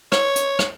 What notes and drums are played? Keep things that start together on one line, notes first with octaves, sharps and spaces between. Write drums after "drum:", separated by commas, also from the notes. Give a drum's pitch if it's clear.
C#5, drum: rim click
drum: hi-hat
drum: rim click